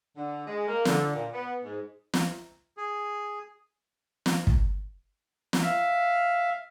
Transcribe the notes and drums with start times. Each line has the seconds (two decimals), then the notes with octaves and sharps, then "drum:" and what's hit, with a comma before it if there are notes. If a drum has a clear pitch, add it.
0.16 D3
0.47 G#3
0.66 A#3
0.85 D3, drum: snare
1.13 A#2
1.32 B3
1.63 G#2
2.14 drum: snare
2.77 G#4
4.26 drum: snare
4.47 drum: kick
5.53 drum: snare
5.63 E5 F5